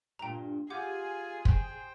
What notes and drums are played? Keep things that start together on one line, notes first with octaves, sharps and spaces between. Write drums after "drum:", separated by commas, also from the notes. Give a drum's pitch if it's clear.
G2 A#2 G5 A#5
F4 G4 G#4 F#5 G#5 D6 G6
C5 G5, drum: kick